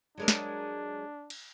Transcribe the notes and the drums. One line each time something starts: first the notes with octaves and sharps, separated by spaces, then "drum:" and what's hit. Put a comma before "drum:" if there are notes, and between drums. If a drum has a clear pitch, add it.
F#3 G#3 D4 A#4
drum: snare
drum: cymbal